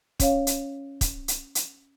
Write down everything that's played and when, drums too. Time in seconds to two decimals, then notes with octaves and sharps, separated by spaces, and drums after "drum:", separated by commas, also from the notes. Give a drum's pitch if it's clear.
0.20 C#4 C#5 F5, drum: kick, hi-hat
0.47 drum: hi-hat
1.01 drum: kick, hi-hat
1.28 drum: hi-hat
1.55 drum: hi-hat